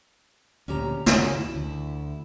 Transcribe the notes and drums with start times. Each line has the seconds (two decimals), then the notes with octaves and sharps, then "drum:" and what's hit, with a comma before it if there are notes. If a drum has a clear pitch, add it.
0.68 D2 A#2 C#4 G4 A#5
1.06 C#2 C#3 F#4, drum: snare
1.33 E4
1.55 D2